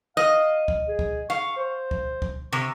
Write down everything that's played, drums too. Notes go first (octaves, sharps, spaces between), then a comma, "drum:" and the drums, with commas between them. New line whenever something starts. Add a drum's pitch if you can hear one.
D#5 F5
drum: kick
G#4
drum: kick
F5 C#6
C5
drum: kick
drum: kick
C3 C#6